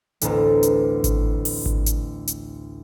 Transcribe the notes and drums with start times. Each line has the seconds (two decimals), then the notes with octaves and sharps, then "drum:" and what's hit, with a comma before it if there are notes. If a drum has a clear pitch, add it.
0.21 A1 D2 B3 C4 A5 A#5, drum: hi-hat
0.63 drum: hi-hat
1.04 drum: kick G#1, hi-hat
1.45 drum: open hi-hat
1.66 drum: kick G#1
1.86 drum: hi-hat
2.28 drum: hi-hat